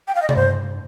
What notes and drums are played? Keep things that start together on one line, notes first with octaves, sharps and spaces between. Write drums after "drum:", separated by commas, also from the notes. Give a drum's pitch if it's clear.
G5
F5
D#5
D5, drum: tom C3
G2 C5